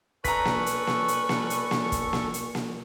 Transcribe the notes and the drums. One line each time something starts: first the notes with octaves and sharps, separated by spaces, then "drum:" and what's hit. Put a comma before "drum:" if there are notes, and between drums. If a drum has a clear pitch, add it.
C#4 D4 A4 B4 A#5 C#6 B6, drum: kick, hi-hat
drum: snare A#3
drum: hi-hat
drum: snare A#3
drum: hi-hat
drum: snare A#3
drum: hi-hat
drum: snare A#3
drum: kick, hi-hat
drum: snare A#3
drum: hi-hat
drum: snare A#3